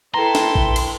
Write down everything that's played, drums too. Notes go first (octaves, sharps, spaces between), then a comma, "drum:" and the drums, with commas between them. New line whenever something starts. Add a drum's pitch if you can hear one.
E4 A4 B4 G5 A#5 C6
drum: snare
drum: kick A1
drum: cymbal